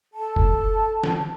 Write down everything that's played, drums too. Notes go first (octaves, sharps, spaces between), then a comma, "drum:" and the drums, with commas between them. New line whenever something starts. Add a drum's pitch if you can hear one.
A4 A5
drum: kick F1
drum: snare